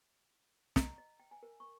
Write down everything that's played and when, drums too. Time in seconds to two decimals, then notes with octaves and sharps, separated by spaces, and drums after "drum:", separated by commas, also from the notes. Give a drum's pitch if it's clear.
0.76 A#5, drum: snare
0.98 D#5
1.20 G5
1.31 G#5
1.43 A#4
1.60 C#6